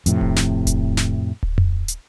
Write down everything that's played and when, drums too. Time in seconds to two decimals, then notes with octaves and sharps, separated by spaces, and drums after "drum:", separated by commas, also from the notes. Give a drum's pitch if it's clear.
0.06 F2 A2 C3, drum: hi-hat
0.21 drum: kick D1
0.36 drum: snare
0.67 drum: kick D1, hi-hat
0.97 drum: snare
1.43 drum: kick D1
1.58 drum: tom F2
1.88 drum: hi-hat